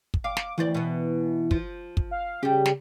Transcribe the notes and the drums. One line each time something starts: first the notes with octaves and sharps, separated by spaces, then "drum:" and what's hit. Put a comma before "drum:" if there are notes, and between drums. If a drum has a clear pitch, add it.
drum: kick
F5 D6
drum: snare
D2 E3 C4 D5
B2 B3
F3, drum: kick
drum: kick
F5
C#3 G3 G4
drum: snare